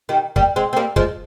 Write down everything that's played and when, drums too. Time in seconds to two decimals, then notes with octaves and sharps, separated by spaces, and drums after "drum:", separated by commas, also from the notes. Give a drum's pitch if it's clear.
0.09 D#3 G3
0.36 G3 A#3, drum: kick
0.56 G#3 C4
0.73 C4
0.76 G3 A#3
0.96 F3 G#3, drum: kick